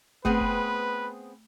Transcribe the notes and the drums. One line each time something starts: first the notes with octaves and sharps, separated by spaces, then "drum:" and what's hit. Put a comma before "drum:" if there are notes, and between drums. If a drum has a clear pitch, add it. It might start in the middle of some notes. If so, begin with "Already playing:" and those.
A3 B3 C4 G#4 B4, drum: kick
drum: kick